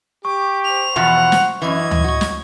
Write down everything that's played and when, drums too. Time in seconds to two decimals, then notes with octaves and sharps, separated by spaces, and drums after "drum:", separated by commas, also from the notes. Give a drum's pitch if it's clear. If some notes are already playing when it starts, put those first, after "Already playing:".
0.25 G4 C#6 D6
0.64 C5 F7
0.96 E2 B2 F3 F#5
1.32 drum: snare
1.62 F#2 E3 D#5 G#6
1.91 drum: tom D2
2.04 F#4
2.21 drum: snare